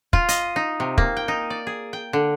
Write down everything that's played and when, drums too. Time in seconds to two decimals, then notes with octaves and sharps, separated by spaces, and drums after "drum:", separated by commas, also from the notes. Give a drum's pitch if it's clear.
0.13 F4, drum: kick
0.29 D#5, drum: hi-hat
0.56 D#4
0.80 C3
0.98 A#3, drum: kick
1.17 G5
1.28 D#4
1.50 D5
1.67 G#4
1.93 G5
2.13 D3